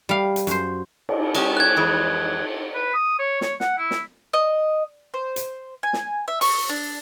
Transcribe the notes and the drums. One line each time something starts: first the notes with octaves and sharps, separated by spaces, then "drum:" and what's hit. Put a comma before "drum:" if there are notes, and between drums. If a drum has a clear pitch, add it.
G3 F5
drum: hi-hat
F#2 C5, drum: hi-hat
drum: cymbal
G#3 C#4 G4, drum: cymbal
F#6 G#6
F2 E3 G#3
B4
D#6
C#5
C#5, drum: snare
F#5, drum: snare
E4
drum: snare
D#5
C5
drum: hi-hat
G#5
drum: snare
E5
C#6, drum: open hi-hat
D4